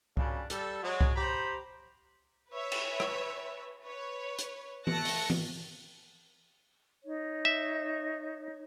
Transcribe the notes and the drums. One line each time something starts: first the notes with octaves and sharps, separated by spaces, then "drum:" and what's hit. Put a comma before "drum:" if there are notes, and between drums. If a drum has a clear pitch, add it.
F#2 C#3 G3 D4, drum: kick C2
G3 A4, drum: hi-hat
F#3 G#3
drum: kick C2
G4 C5 A#5 B5
B4 C#5 E5
drum: cymbal
drum: rim click
B4 C#5
drum: hi-hat
A3 A5 F#6 A#6 C#7, drum: tom E3
drum: open hi-hat
drum: tom E3
D#4 C#5
E5